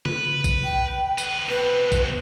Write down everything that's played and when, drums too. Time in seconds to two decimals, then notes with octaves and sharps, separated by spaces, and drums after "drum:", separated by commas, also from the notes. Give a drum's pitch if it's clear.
0.06 B4, drum: tom C#3
0.44 drum: kick A#1, tambourine
0.64 G5
1.18 D2 B4, drum: tambourine
1.49 B2 C4 B4
1.92 drum: kick A#1, tambourine